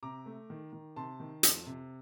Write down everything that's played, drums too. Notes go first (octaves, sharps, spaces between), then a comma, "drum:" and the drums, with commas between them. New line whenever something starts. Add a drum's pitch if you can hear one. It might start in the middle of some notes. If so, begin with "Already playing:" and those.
C3 A#5 D6
A3
D#3
D#3
C3 A5 C6
D#3
F2, drum: hi-hat
C3